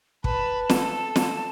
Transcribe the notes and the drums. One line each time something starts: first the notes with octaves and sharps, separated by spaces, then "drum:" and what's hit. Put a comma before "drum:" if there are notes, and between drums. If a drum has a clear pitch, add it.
B4 A5, drum: kick
A4, drum: snare
drum: snare